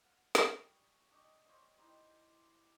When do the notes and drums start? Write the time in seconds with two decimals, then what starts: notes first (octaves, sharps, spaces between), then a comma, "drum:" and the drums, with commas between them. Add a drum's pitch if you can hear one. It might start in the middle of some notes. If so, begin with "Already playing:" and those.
0.02 F5 F#5
0.35 drum: snare
0.54 G3 C#6 D#6
1.11 D4 D#5 G5 C#6
1.45 C5 C#5 D#5 F5
1.78 D#4 E4 G4 C5